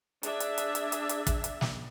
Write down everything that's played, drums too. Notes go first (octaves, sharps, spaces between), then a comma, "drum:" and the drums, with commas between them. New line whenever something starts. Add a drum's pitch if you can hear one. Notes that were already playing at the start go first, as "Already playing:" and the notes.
D4 G#4 E5, drum: hi-hat
drum: hi-hat
drum: hi-hat
drum: hi-hat
drum: hi-hat
drum: hi-hat
drum: kick, hi-hat
drum: hi-hat
drum: snare